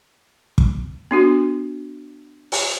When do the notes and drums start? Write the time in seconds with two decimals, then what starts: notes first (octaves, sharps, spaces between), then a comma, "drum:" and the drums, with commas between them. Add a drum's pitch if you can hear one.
0.58 drum: kick
1.11 B3 D4 F#4
2.52 drum: open hi-hat